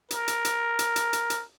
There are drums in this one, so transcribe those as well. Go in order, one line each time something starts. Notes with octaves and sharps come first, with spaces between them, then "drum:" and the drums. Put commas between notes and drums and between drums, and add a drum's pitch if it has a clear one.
A#4, drum: hi-hat
drum: hi-hat
drum: hi-hat
drum: hi-hat
drum: hi-hat
drum: hi-hat
drum: hi-hat